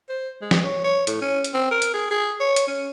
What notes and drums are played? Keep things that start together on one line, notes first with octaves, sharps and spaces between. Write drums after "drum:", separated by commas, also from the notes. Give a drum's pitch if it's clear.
C5
G#3
drum: snare
C#5
C#5
A2, drum: hi-hat
C#4
drum: hi-hat
C4
A#4
drum: hi-hat
G#4
G#4
C#5
drum: hi-hat
C#4